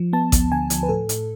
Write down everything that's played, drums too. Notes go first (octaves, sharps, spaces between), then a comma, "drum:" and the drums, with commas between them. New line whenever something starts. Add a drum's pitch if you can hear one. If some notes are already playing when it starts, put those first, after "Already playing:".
Already playing: F3
B3 A5
D2, drum: kick A1, hi-hat
D3 G#5
F3, drum: hi-hat
B4
A2 A4
A2, drum: hi-hat